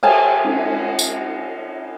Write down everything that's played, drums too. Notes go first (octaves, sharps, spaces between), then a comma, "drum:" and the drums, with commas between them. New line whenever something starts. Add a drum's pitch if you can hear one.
F5 G#5 A5, drum: cymbal
drum: cymbal
drum: tambourine